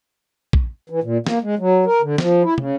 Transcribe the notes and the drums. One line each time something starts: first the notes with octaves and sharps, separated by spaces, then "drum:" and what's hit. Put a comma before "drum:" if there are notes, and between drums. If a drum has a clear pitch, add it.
drum: kick A#1
E3
A#2
A#3, drum: snare
G#3
F#3
A#4
D3
F3, drum: snare
E4
C#3, drum: tom